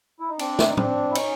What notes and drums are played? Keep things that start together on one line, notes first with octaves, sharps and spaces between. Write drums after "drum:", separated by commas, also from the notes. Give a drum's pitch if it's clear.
E4
D#4
C4 D4, drum: cymbal
drum: snare
D#4
C4 D4, drum: tom
E4
C#4 D#4, drum: cymbal